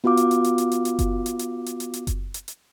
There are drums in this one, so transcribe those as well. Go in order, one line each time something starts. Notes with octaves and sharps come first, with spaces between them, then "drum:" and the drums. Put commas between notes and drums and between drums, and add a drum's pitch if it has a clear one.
B3 F4 F#4 F5 D6
drum: hi-hat
drum: hi-hat
drum: hi-hat
drum: hi-hat
drum: hi-hat
drum: hi-hat
drum: kick F#1, hi-hat
drum: hi-hat
drum: hi-hat
drum: hi-hat
drum: hi-hat
drum: hi-hat
drum: kick F#1, hi-hat
drum: hi-hat
drum: hi-hat